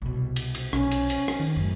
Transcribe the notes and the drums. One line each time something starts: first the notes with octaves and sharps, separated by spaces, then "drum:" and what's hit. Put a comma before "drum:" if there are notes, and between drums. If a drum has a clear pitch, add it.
C2 B2
drum: cymbal
drum: cymbal
B1 C#4, drum: rim click
drum: cymbal
drum: cymbal
drum: rim click
D#3
F#2 A2